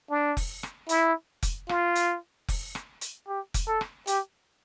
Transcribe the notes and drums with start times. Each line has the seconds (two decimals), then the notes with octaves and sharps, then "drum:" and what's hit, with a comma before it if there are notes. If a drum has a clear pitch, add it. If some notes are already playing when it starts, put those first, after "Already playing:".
0.10 D4
0.37 drum: kick F1, open hi-hat
0.63 drum: rim click
0.89 E4, drum: hi-hat
1.43 drum: kick F1, hi-hat
1.69 F4, drum: rim click
1.96 drum: hi-hat
2.48 drum: kick F1, open hi-hat
2.75 drum: rim click
3.01 drum: hi-hat
3.28 G4
3.54 drum: kick F1, hi-hat
3.68 A4
3.81 drum: rim click
4.07 G4, drum: hi-hat